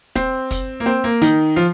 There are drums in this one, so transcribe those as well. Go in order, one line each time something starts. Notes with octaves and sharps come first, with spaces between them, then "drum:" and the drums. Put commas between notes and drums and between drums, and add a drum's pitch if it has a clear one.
C4, drum: snare
drum: kick, hi-hat
A#3
C4
A#3
D#3 D#4, drum: hi-hat
F3 F4